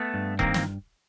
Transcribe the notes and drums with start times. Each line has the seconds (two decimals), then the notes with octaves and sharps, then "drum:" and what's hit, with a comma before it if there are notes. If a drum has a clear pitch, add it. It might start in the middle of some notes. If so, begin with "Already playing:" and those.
Already playing: A3 B3
0.14 G2
0.39 D#3 A#3 C4, drum: kick E1
0.54 drum: snare